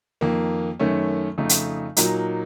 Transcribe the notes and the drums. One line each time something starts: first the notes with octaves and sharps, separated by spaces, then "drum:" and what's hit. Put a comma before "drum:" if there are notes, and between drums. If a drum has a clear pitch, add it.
F2 D#3 A#3
F#2 D#3 A3 C#4
F2 C#3 A3 D#4
drum: hi-hat
A#2 F#3 A#3 D#4, drum: hi-hat